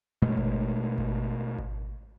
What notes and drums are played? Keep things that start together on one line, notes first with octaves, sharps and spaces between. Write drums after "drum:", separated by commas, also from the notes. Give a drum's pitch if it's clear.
B2 G#3 A3
drum: kick G#1
drum: kick G#1
drum: kick G#1